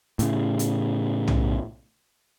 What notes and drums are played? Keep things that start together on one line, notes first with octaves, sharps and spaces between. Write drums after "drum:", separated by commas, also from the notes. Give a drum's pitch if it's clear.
A2 C#3, drum: hi-hat
drum: hi-hat
drum: tom